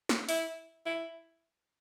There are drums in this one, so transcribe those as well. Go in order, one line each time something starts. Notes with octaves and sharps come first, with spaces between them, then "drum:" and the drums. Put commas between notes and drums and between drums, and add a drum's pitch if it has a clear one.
drum: snare
E4, drum: open hi-hat
E4